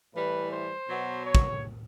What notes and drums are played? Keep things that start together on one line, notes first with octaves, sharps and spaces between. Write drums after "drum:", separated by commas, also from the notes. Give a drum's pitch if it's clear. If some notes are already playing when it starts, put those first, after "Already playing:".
A2 E3 G3 B4
C5
B2 F#3
C#5
drum: kick